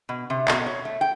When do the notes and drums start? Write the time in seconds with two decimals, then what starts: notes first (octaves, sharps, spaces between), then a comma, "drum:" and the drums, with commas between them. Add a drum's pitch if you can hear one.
0.09 B2
0.30 C3
0.48 B2, drum: clap
0.66 C#5
0.85 A3
1.01 G5